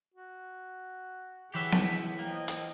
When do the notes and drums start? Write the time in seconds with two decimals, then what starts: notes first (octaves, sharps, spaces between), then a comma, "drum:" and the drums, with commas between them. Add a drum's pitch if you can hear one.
0.14 F#4
1.54 E3 G4 G#4 B4 C#5 E5 F#5
1.72 drum: snare B3
2.19 F3 A#3 D#5 G5
2.48 drum: hi-hat